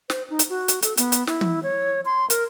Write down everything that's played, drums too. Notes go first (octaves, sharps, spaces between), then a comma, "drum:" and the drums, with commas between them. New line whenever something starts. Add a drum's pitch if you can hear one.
C5, drum: snare
D#4
drum: hi-hat
F#4
drum: hi-hat
A4, drum: hi-hat
B3, drum: hi-hat
drum: hi-hat
E4, drum: snare
drum: tom
C#5
C6
A#4, drum: hi-hat